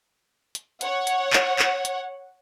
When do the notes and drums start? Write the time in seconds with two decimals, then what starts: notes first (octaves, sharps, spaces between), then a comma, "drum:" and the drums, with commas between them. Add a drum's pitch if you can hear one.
0.55 drum: hi-hat
0.81 C#5 F#5, drum: hi-hat
1.07 drum: hi-hat
1.33 drum: clap
1.59 drum: clap
1.85 drum: hi-hat